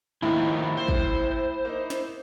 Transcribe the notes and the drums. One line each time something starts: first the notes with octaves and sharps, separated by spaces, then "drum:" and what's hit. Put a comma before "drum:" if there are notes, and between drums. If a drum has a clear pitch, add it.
A1 D#2 A2 D#3 F3 A#3 E4
C5
drum: kick
A#3 D#4
drum: snare